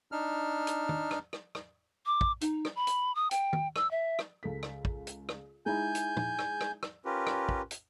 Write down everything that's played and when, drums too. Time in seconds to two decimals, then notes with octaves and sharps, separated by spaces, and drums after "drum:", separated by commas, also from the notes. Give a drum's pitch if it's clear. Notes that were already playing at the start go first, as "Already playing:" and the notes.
0.12 D4 D#4 F6
0.67 drum: hi-hat
0.89 drum: tom D#3
1.11 drum: rim click
1.33 drum: rim click
1.55 drum: rim click
2.06 D6
2.21 drum: kick
2.41 D#4, drum: hi-hat
2.65 drum: rim click
2.76 B5
2.87 drum: hi-hat
3.15 D#6
3.31 G5, drum: hi-hat
3.53 drum: tom D#3
3.76 E6, drum: rim click
3.91 E5
4.19 drum: rim click
4.43 C#2 A4 B6
4.63 drum: rim click
4.85 drum: kick
5.07 drum: hi-hat
5.29 drum: rim click
5.66 G#3 D#4 E4 G#5 G6
5.95 drum: hi-hat
6.17 drum: tom
6.39 drum: rim click
6.61 drum: rim click
6.83 drum: rim click
7.05 C#4 F4 G4 A#4 B4
7.27 drum: rim click
7.49 drum: kick
7.71 drum: hi-hat